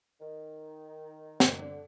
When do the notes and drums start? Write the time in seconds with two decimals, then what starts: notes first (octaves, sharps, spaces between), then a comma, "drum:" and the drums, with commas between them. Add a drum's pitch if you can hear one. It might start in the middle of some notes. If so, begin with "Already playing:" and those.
0.21 D#3
1.40 D#3, drum: snare
1.60 D3